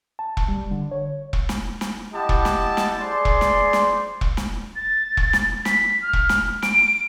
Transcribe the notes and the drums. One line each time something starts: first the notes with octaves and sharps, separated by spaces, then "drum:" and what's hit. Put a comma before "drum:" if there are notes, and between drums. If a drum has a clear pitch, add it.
A5
drum: kick E1
G3
D3
C#5
drum: kick E1
drum: snare
drum: snare
E4 G4 D#5 F#5 A5
drum: kick E1
drum: snare
drum: snare
G#4 C5 D5 C6
drum: kick E1
drum: snare
drum: snare
drum: kick E1
drum: snare
A6
drum: kick E1
drum: snare
B6, drum: snare
F6
drum: kick E1
drum: snare
D7, drum: snare